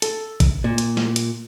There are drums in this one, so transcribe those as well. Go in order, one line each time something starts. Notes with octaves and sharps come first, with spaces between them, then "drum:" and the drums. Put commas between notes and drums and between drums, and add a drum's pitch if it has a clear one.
A4, drum: hi-hat
drum: kick A1, hi-hat
A#2
drum: hi-hat
drum: snare
drum: hi-hat